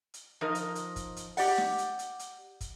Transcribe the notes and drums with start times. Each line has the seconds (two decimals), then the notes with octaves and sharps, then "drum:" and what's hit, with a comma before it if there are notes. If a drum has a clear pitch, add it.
0.14 drum: hi-hat
0.41 F3 D#4 A#4 D#5
0.55 drum: hi-hat
0.75 drum: hi-hat
0.96 drum: kick, hi-hat
1.17 drum: hi-hat
1.37 G4 D5 F#5, drum: open hi-hat
1.58 drum: snare
1.78 drum: hi-hat
1.99 drum: hi-hat
2.19 drum: hi-hat
2.61 drum: kick, hi-hat